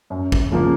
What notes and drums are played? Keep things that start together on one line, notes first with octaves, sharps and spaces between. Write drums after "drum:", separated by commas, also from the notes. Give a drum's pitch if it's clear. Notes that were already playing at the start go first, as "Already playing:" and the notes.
F#2
drum: kick
C#3 F3 A#3